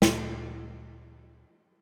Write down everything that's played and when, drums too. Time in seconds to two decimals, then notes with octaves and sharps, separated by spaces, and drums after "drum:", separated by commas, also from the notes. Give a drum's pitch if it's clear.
0.02 D2 A#2 A3, drum: snare